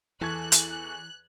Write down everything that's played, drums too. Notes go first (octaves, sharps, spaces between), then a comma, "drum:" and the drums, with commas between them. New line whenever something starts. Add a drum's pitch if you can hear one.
E2 E3 A4 C#6 F#6 G#6
drum: hi-hat